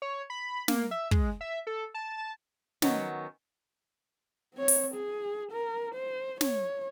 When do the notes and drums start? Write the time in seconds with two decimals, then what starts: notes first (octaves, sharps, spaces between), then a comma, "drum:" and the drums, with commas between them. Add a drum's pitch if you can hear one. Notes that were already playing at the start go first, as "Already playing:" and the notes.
0.02 C#5
0.30 B5
0.68 A#3, drum: snare
0.91 E5
1.11 G#3, drum: kick
1.41 E5
1.67 A4
1.94 A5
2.18 A5
2.82 D#3 F#3 B3 C#4, drum: snare
4.54 C4 C#5
4.68 drum: open hi-hat
4.95 G#4
5.52 A#4
5.95 C5
6.41 C#5, drum: snare